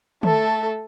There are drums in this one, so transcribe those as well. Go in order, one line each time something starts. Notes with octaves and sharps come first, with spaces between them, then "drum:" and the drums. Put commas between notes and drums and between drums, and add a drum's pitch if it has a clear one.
A3 A4, drum: tom